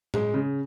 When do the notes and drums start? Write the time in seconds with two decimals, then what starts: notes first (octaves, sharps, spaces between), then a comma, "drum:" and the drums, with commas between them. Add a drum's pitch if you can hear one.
0.14 G#3, drum: tom A2
0.34 C#3